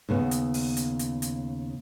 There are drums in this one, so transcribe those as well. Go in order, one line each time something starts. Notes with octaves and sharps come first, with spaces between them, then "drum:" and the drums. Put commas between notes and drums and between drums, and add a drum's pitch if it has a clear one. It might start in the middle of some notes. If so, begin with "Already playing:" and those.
D#2 C#3 B3
drum: hi-hat
drum: open hi-hat
drum: hi-hat
drum: hi-hat
drum: hi-hat